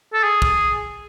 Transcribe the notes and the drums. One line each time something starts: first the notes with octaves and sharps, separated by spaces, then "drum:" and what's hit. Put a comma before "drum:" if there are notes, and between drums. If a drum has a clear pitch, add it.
A4
G#4
drum: kick